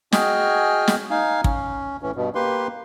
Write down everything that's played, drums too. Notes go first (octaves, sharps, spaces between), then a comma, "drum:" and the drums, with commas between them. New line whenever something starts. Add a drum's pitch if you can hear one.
F#4 G#4 D#5 G5 G#5 F6, drum: snare
drum: snare
D#4 F5 G#5
C#4, drum: kick
A2 E3 C#4
G2 B2
A#3 G4 B4 C6